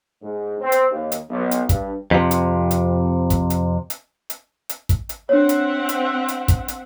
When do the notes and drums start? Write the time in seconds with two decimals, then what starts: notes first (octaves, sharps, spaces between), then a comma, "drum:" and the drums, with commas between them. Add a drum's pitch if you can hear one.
0.22 G#2
0.61 C4
0.72 drum: hi-hat
0.91 D#2
1.12 drum: hi-hat
1.30 B1
1.51 drum: hi-hat
1.69 G2, drum: kick, hi-hat
2.11 F2 C3
2.31 drum: hi-hat
2.71 drum: hi-hat
3.30 drum: kick, hi-hat
3.50 drum: hi-hat
3.90 drum: hi-hat
4.30 drum: hi-hat
4.69 drum: hi-hat
4.89 drum: kick, hi-hat
5.09 drum: hi-hat
5.29 C4 D4 C#5 E5 F#5
5.49 drum: hi-hat
5.89 drum: hi-hat
6.28 drum: hi-hat
6.48 drum: kick, hi-hat
6.68 drum: hi-hat